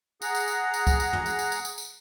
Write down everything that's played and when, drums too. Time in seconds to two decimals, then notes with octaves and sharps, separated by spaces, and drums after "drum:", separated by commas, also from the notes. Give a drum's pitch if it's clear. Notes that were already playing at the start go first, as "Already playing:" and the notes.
0.22 G#4 F#5 A#5, drum: tambourine
0.35 drum: tambourine
0.48 drum: tambourine
0.74 drum: tambourine
0.87 drum: kick C#2, tambourine
1.00 drum: tambourine
1.13 drum: tom
1.26 drum: tambourine
1.39 drum: tambourine
1.52 drum: tambourine
1.65 drum: tambourine
1.78 drum: tambourine